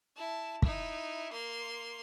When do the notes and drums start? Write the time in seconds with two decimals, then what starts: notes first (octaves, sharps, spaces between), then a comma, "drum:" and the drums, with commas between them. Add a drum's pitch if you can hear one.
0.16 E4 A5
0.62 D#4 E4, drum: kick
1.32 A#3 C6